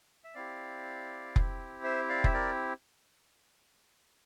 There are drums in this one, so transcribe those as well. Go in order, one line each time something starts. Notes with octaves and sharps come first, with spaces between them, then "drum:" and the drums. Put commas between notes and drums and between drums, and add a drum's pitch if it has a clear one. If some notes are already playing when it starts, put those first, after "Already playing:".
E5
C4 E4 G4 D5 F5
drum: kick F1
C5 E5
D5 F5
E5, drum: kick F1
A#4 D5